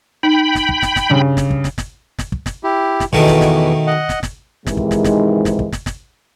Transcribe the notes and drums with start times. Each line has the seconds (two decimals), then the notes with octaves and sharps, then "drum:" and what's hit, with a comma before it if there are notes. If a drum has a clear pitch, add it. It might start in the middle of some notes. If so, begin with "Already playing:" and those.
0.23 D#4 G5 B5
0.55 drum: snare
0.69 drum: kick
0.82 drum: snare
0.96 drum: snare
1.10 G2 C#3
1.37 drum: snare
1.50 drum: kick
1.64 drum: snare
1.78 drum: snare
2.19 drum: snare
2.32 drum: kick
2.46 drum: snare
2.64 E4 G4
3.00 drum: snare
3.13 E2 B2 D#3 E3 A3, drum: kick
3.27 drum: snare
3.41 drum: snare
3.87 D#5 F#5
4.09 drum: snare
4.23 drum: snare
4.67 G#2 C3 D#3 E3 G#3, drum: snare
4.77 drum: kick
4.91 drum: snare
5.04 drum: snare
5.45 drum: snare
5.59 drum: kick
5.72 drum: snare
5.86 drum: snare